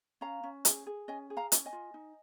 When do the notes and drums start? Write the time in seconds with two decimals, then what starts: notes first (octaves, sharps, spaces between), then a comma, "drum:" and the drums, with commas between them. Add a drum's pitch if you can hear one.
0.21 C#4 F5 A#5
0.43 C#4
0.65 G#4, drum: hi-hat
0.86 G#4
1.08 C#4 D#5 G#5
1.30 G#4
1.37 F5 A#5
1.52 C#4, drum: hi-hat
1.66 D#5 G#5
1.73 F4
1.94 D#4